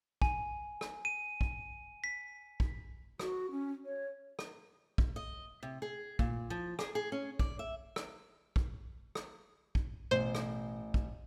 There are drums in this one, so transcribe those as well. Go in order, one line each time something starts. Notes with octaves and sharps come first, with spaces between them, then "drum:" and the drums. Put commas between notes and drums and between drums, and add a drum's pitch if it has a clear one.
G#5, drum: kick
drum: rim click
D#7
drum: kick
B6
drum: kick
F#4, drum: rim click
C#4
C#5
drum: rim click
drum: kick
D#5
C3
G#4
A#2, drum: kick
F3
G#4, drum: rim click
G#4
C#4
D5, drum: kick
E5
drum: rim click
drum: kick
drum: rim click
drum: kick
A1 B2 C5
drum: rim click
drum: kick